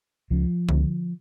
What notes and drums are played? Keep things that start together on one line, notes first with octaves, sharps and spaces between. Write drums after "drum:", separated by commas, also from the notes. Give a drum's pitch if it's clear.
C#2 C#3 F3
C#2 C#3, drum: tom D3